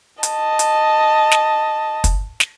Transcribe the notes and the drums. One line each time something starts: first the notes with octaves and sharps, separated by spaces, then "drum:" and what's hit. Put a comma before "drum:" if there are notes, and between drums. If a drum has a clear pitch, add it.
D#5 A5, drum: hi-hat
drum: hi-hat
drum: snare
drum: kick, hi-hat
drum: snare